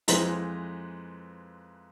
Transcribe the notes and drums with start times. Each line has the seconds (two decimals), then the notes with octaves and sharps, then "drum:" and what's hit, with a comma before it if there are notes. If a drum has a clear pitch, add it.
0.08 F2 E3 G#3 B4 C5 A#5, drum: hi-hat